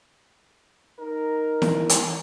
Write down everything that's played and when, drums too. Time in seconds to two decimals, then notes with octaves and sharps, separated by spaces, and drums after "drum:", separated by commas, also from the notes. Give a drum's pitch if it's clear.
1.00 D#4 A#4
1.62 E3, drum: snare E4
1.89 drum: hi-hat